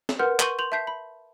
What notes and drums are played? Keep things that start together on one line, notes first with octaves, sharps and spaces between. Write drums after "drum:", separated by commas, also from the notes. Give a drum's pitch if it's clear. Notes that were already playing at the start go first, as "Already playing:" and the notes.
drum: snare
A#4 B4 F#5 C6 F6 G6
C6 C#6 G6 D#7 F#7 G7, drum: clap
C6 G6 F7 F#7
E5 A5 G6 B6 C7
B5